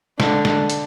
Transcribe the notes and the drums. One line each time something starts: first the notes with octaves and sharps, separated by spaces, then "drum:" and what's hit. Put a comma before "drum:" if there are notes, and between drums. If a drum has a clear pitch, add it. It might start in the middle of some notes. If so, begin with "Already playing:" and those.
D3, drum: snare
drum: snare
drum: hi-hat